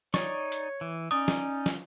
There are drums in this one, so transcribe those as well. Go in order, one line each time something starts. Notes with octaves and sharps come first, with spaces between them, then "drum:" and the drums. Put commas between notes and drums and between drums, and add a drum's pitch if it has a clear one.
D#4 C#5 D5 C#6, drum: snare
drum: hi-hat
E3
C#4 D#4 D5 D#6
drum: snare
drum: snare